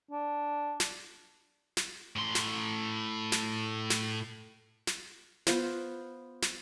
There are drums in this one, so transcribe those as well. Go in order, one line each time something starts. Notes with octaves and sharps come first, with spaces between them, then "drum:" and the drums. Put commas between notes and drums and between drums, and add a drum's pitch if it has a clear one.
D4
drum: snare
drum: snare
A2 C6
drum: snare
drum: snare
drum: snare
drum: snare
B3 F4 C5, drum: snare
drum: snare